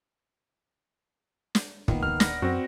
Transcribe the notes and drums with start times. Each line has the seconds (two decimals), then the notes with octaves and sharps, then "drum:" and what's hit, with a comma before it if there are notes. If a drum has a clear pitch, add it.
1.55 drum: snare
1.88 A#2 D#3 A#3 B3, drum: kick
2.03 D1 F6
2.20 B4 D5 F#5 A#6, drum: snare
2.42 F#2 C4 F#4